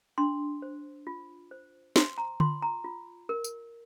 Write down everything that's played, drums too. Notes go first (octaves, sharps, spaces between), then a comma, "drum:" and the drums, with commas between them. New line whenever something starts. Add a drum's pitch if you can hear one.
D4 C6
C5
F4
C5
C5 C6, drum: snare
A#5
F4 C6, drum: tom D3
A#5
F4
A#4
drum: tambourine